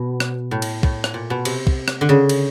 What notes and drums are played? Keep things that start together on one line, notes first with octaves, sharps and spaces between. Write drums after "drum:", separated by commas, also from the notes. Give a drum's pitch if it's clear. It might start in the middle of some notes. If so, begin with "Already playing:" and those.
Already playing: B2
drum: rim click
A2
drum: cymbal
A2, drum: kick
drum: rim click
A#2
B2
C3, drum: cymbal
drum: kick
drum: rim click
D3
C#3
drum: cymbal